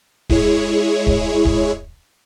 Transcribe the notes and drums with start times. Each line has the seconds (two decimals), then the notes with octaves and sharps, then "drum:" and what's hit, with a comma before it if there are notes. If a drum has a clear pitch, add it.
0.30 G#3 E4 G#4 C#5, drum: kick
1.07 drum: kick
1.45 drum: kick